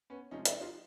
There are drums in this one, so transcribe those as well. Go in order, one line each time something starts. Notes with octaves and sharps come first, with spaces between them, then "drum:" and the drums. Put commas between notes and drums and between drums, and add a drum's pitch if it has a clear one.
B3 C#4
C3 F3 G#3 C#4 D#4
D4 E4, drum: hi-hat
D#4 F4